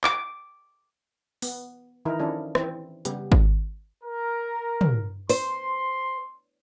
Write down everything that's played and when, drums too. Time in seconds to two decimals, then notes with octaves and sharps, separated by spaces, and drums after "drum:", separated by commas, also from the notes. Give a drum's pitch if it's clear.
0.04 D6, drum: clap
1.42 B3, drum: open hi-hat
2.05 D#3 E3 D#4 E4 A#4
2.19 D#3 F3 C#4 D4 E4 A4
2.55 E3 C4, drum: rim click
3.05 C#3 G3 B3 G4, drum: hi-hat
3.32 drum: kick G#1
4.04 A#4
4.81 drum: tom
5.29 C5 C6, drum: open hi-hat